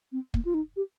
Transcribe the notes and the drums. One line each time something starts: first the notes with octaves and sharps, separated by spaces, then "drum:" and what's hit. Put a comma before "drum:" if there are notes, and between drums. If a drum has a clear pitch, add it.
C4
A#3, drum: kick
F4
D#4
G4